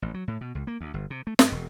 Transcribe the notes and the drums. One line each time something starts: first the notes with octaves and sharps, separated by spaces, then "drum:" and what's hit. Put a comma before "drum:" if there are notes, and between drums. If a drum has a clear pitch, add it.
A1
F#3
A2
B2
C#2
A#3
D2
G1
C3
A3
G2, drum: snare
E1